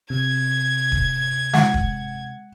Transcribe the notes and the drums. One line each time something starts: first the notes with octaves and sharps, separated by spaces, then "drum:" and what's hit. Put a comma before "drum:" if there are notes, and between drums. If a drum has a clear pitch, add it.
C3 G#6
drum: kick
G#3 F#5, drum: snare
drum: kick